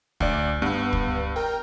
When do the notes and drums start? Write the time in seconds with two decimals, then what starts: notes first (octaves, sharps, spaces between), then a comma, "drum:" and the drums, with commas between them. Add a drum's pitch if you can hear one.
0.20 D2 D5, drum: kick
0.62 G2 B3
0.93 drum: kick
1.36 A#4 G5